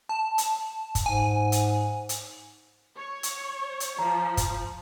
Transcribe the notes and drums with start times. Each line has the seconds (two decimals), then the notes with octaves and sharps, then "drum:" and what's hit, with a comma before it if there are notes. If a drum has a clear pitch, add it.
0.09 A5
0.38 drum: hi-hat
0.95 drum: kick, hi-hat
1.06 G#2 G#5
1.52 drum: hi-hat
2.09 drum: hi-hat
2.97 C#5
3.23 drum: hi-hat
3.80 drum: hi-hat
3.99 F3 A#5
4.37 drum: kick, hi-hat